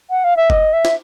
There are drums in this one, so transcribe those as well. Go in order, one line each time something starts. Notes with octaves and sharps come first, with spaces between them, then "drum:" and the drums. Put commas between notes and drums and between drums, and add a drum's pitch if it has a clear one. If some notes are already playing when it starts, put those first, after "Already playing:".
F#5
F5
E5
D#5, drum: kick F#1
E5
drum: snare